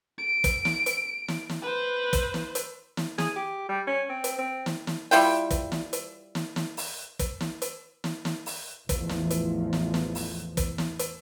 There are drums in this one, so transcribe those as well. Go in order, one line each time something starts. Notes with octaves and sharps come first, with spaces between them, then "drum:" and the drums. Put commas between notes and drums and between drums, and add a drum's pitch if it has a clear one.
D7
drum: kick, hi-hat
drum: snare
drum: hi-hat
drum: snare
drum: snare
B4 C5
drum: kick, hi-hat
drum: snare
drum: hi-hat
drum: snare
G#4, drum: snare
G4
G3
C#4
C4
drum: hi-hat
C4
drum: snare
drum: snare
G3 E4 F4 G5, drum: open hi-hat
drum: kick, hi-hat
drum: snare
drum: hi-hat
drum: snare
drum: snare
drum: open hi-hat
drum: kick, hi-hat
drum: snare
drum: hi-hat
drum: snare
drum: snare
drum: open hi-hat
A1 E2 E3 F3, drum: kick, hi-hat
drum: snare
drum: hi-hat
drum: snare
drum: snare
drum: open hi-hat
drum: kick, hi-hat
drum: snare
drum: hi-hat